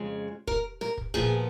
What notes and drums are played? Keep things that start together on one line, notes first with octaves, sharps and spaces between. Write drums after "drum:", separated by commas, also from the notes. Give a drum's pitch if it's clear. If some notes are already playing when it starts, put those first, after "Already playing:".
Already playing: F2 C#3 G#3
A#4, drum: kick
A#4, drum: snare
drum: kick
A#2 F3 B3 G#4, drum: kick